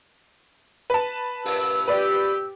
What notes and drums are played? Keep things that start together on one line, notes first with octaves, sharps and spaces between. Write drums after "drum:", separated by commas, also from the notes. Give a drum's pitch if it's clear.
B4 A5
G2 A#2 E6, drum: open hi-hat
G4 B4 D5